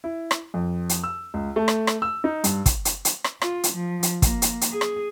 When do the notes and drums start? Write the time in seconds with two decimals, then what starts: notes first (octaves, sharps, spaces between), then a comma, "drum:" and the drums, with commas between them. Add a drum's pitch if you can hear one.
0.04 E4
0.31 drum: rim click
0.54 F2
0.89 drum: hi-hat
1.04 E6
1.34 C#2
1.56 A3
1.68 drum: rim click
1.87 drum: rim click
2.02 E6
2.24 D#4
2.44 G2, drum: hi-hat
2.66 drum: kick, hi-hat
2.85 drum: hi-hat
3.05 drum: hi-hat
3.24 drum: rim click
3.42 F4, drum: rim click
3.64 drum: hi-hat
3.73 F3
4.03 drum: hi-hat
4.22 A#3, drum: kick, hi-hat
4.42 drum: hi-hat
4.61 drum: hi-hat
4.72 G#4
4.81 drum: rim click